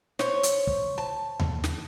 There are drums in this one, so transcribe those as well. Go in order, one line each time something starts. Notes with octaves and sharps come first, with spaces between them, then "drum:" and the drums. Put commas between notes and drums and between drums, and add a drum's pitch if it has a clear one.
C5 C#5, drum: snare
drum: hi-hat
drum: kick
A5
drum: tom D#2
drum: snare